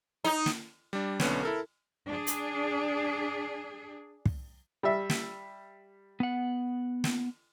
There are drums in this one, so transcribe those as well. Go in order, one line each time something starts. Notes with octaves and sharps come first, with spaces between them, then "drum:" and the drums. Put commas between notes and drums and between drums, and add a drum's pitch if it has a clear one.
D#4
drum: snare
G3 D4
B1 D3 B3 C#4, drum: snare
E4 A4 A#4
D4 G#4
drum: hi-hat
drum: kick
G3 E5
drum: snare
B3 F#5
drum: snare